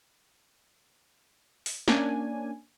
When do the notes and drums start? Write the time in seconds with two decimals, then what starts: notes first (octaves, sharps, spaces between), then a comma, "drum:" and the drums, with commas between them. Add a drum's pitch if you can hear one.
1.66 drum: open hi-hat
1.88 A#3 C#4 D4 G#5, drum: snare